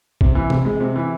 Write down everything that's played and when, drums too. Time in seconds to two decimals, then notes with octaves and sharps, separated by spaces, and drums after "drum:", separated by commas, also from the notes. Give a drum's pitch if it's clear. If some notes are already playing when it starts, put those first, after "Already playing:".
0.21 C3, drum: kick
0.35 E3
0.50 C3, drum: tom C3
0.65 G#3
0.80 C3
0.96 E3